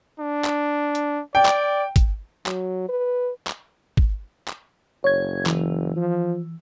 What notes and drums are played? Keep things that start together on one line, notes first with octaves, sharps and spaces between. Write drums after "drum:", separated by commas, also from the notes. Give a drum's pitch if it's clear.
D4
drum: clap
drum: hi-hat
D5 G5
drum: clap
drum: kick, hi-hat
F#3, drum: clap
B4
drum: clap
drum: kick
drum: clap
F#1 C#5 G#6
E3, drum: clap
F3